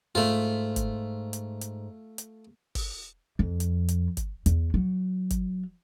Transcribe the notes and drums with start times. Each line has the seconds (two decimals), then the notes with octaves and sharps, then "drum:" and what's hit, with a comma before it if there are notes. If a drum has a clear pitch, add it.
0.15 G#2 A3 F4
0.76 drum: kick G1, hi-hat
1.33 drum: hi-hat
1.62 drum: hi-hat
2.18 drum: hi-hat
2.75 drum: kick G1, open hi-hat
3.39 F2
3.60 drum: hi-hat
3.89 drum: hi-hat
4.17 drum: kick G1, hi-hat
4.46 E2, drum: hi-hat
4.74 F#3
5.31 drum: kick G1, hi-hat